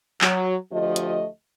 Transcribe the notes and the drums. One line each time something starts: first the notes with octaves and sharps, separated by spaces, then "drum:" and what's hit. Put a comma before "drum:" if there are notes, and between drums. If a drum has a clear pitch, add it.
F#3, drum: clap
D2 F3 A3 G4 D#5
drum: hi-hat